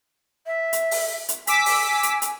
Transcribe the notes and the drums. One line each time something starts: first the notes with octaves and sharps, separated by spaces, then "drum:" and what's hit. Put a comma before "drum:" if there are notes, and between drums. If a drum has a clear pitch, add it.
E5
drum: hi-hat
drum: open hi-hat
drum: hi-hat
G#5 D6 E6 B6, drum: hi-hat
drum: open hi-hat
drum: hi-hat
drum: hi-hat